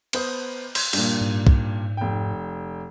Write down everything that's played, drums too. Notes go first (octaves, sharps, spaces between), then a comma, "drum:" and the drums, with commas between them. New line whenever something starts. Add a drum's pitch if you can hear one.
B3 C5 D#6, drum: cymbal
C6 G#6, drum: cymbal
G2 A#2, drum: cymbal
G#2
drum: kick
F1 G5